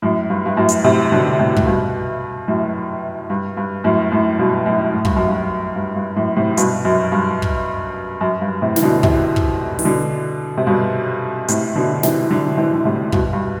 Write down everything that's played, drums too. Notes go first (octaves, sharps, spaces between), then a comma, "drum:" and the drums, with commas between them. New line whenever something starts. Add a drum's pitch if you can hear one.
F#2 A2
G2
G2
F#2 A2
drum: hi-hat
A2 C3
B2 D3
A2 C3
A2, drum: kick
G2 B2
F#2 A2
G2
G2
F#2 A2
F#2 A2
G2 B2
F#2 A2
A2
G2, drum: kick
F#2
G2
G2
G2
F#2 A2
A2 C3
G2 B2, drum: hi-hat
F#2
G2
drum: kick
F#2
G2
A2 C3
E3, drum: snare
B2 D3
C3 E3, drum: kick
drum: kick
E3, drum: open hi-hat
B2 D3
C3
G2 B2
A2 C3, drum: hi-hat
B2 D3
C3 E3, drum: snare
D3 F#3
C3 E3
D3
A2 C3
G2 B2, drum: kick
G2